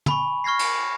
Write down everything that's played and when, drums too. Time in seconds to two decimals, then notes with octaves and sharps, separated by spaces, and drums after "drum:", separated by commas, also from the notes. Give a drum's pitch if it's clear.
0.06 G#5 B5 C#6, drum: tom
0.44 C#6 F6 G#6 A#6 C7
0.59 drum: cymbal